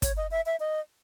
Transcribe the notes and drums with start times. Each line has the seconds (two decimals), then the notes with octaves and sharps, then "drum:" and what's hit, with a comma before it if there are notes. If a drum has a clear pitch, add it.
0.02 C#5, drum: kick, hi-hat
0.17 D#5
0.31 E5
0.46 E5
0.60 D#5